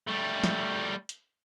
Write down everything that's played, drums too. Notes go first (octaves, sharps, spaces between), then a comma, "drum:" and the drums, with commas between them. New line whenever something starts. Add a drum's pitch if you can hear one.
G3 A3
drum: snare
drum: hi-hat